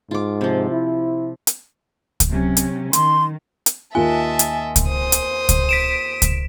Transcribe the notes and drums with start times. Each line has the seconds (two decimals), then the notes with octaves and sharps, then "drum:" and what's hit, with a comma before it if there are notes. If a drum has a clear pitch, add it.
0.11 G#2 F4 D6
0.41 C3 F3
0.71 E4
1.47 drum: hi-hat
2.20 drum: kick C#2, hi-hat
2.30 C3 F#3 C#4
2.57 drum: hi-hat
2.93 D#3 C6, drum: hi-hat
3.66 drum: hi-hat
3.95 D#2 F4 D#5 E5 G#5 A5
4.39 drum: hi-hat
4.76 drum: kick C#2, hi-hat
4.88 C5 D#6
5.12 drum: hi-hat
5.49 drum: kick C#2, hi-hat
5.69 B6 D7 E7
6.22 drum: kick C#2, hi-hat